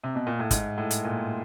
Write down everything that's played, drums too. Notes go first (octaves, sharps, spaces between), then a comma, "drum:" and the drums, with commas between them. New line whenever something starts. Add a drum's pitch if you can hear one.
C3
B2
A#2
A2
G#2, drum: kick, hi-hat
A2
drum: hi-hat
A#2